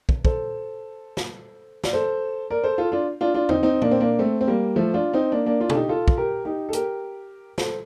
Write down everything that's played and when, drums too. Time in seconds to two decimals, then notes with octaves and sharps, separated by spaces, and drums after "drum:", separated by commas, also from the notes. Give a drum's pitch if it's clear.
0.09 drum: kick
0.25 A4 C5, drum: kick
1.17 drum: snare
1.84 D5, drum: snare
1.93 A4 C5
2.50 A#4 D5
2.64 A4 C5
2.78 F4 A4
2.92 D4 F4
3.21 D4 F4
3.34 D4 F4
3.49 C4 D#4, drum: tom E2
3.63 C4 D#4
3.82 A#3 D4, drum: tom
3.91 C4
4.00 A#3 D4
4.19 A3 C4
4.41 C4
4.47 G3 A#3
4.76 F3 A3
4.94 D4 F4
5.13 C4 D#4
5.32 A#3 D4
5.46 A#3 D4
5.60 D4 F4
5.70 A4, drum: tom B2
5.75 D#4 G4
5.89 F4 A4
6.08 drum: kick
6.17 G4 A#4
6.45 D#4 G4
6.69 A4
6.73 G4 A#4, drum: hi-hat
7.58 A4 C5, drum: snare